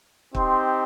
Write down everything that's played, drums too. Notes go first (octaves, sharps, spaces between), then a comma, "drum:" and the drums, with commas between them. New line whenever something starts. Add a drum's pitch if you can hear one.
C4 D#4 G4 C6, drum: kick